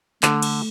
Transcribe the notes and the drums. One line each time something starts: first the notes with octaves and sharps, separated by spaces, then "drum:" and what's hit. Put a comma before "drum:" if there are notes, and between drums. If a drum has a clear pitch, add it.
D3 A3, drum: clap
drum: cymbal